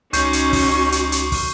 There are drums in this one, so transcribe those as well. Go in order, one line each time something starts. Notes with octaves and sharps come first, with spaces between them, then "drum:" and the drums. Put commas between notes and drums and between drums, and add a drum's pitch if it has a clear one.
C#2 C#4 D#4 F#4 C#6 G6 C7, drum: hi-hat
drum: hi-hat
drum: kick, open hi-hat
drum: hi-hat
drum: hi-hat
drum: kick, open hi-hat